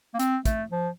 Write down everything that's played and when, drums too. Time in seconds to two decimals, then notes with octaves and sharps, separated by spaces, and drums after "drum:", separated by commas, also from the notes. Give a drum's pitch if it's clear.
0.14 A#3
0.19 C4, drum: hi-hat
0.45 A3, drum: kick, hi-hat
0.71 F3